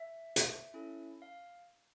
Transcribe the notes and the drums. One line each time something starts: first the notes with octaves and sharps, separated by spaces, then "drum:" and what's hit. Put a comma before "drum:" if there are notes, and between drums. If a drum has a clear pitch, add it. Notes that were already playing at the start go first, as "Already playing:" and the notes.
Already playing: E5
drum: hi-hat
C#4 E4 A4
F5